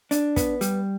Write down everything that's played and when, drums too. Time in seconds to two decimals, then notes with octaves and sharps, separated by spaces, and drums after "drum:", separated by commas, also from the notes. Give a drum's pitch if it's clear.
0.11 D4, drum: hi-hat
0.36 B3, drum: kick, hi-hat
0.61 G3, drum: hi-hat